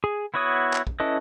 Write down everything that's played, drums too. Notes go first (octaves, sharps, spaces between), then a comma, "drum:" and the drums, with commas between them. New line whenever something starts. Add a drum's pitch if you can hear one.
G#4
B3 E4 F#4 C#5 D#6
drum: clap
drum: kick
C#4 E4 A4 B4 D#5